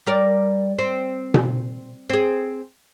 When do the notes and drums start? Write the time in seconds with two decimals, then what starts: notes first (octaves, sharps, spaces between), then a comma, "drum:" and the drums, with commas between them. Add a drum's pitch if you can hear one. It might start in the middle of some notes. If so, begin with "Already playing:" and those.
0.06 G3 A#4 D5
0.79 C4
1.34 drum: tom B2
2.10 C4 G#4